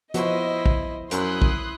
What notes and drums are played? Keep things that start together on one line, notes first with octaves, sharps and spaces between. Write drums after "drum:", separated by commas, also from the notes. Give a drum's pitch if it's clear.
F3 B3 E4 F#4 C5 D#5, drum: hi-hat
drum: kick
F#2 E4 C6 D#6 F#6, drum: hi-hat
drum: kick